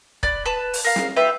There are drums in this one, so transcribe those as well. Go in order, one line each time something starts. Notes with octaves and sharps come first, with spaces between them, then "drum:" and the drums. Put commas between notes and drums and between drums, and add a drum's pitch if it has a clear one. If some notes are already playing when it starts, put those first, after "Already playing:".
D5 B5 F#6, drum: kick
B4 A5
drum: open hi-hat
A#4 F5
drum: snare
F4 G4 B4 E5